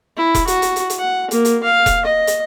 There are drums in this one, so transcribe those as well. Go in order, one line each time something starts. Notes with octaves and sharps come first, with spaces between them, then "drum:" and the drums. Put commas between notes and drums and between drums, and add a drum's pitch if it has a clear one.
E4
drum: kick E1, hi-hat
F#4, drum: hi-hat
drum: hi-hat
drum: hi-hat
drum: hi-hat
F#5
A#3, drum: hi-hat
drum: hi-hat
F5
drum: kick E1, hi-hat
D#5
drum: hi-hat